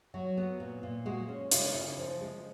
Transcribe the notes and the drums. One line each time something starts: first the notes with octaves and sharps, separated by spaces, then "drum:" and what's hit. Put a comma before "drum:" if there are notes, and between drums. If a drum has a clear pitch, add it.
F#3 F#4
B3
A#2
A#2
G#3 F#4
C#4
C#3 F4, drum: hi-hat
C#3
F3
G#3